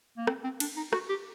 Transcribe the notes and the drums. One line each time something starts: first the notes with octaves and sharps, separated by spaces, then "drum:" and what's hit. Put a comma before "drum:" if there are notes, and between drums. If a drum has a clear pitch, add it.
A#3
C4, drum: rim click
C4
D4, drum: cymbal
D#4
F#4, drum: rim click
G4